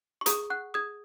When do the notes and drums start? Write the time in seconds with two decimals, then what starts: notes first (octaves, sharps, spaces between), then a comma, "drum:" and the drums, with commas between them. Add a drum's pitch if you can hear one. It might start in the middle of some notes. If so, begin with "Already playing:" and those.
0.21 C#6
0.26 G#4 A#5 D#6, drum: hi-hat
0.50 F#5 C#6 F#6
0.74 G#4 D#6 G#6